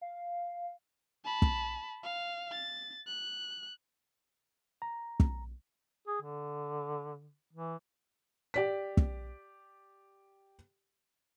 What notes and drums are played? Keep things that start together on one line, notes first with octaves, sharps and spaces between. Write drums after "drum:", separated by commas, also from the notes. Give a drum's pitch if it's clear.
F5
A5 B5
drum: kick
F5
A6
F#6
A#5
drum: kick
G#4
D3
E3
G4 D5 B6
drum: kick